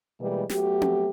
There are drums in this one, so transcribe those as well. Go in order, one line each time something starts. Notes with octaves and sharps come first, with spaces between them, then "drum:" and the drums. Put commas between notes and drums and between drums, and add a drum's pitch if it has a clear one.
B2 E3 G3 G#3 A#3 B4
F#3 A3 B3 F#4 G4, drum: snare
drum: tom C4